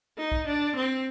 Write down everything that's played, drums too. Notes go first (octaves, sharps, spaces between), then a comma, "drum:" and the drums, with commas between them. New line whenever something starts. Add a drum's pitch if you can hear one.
D#4
drum: kick B1
D4
C4